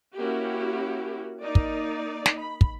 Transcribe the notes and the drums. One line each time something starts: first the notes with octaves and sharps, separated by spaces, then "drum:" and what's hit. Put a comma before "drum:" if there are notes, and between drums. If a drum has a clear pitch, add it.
A#3 C#4 E4 F#4 G4
A#3 D#4 D5
drum: kick
drum: snare
B5
drum: kick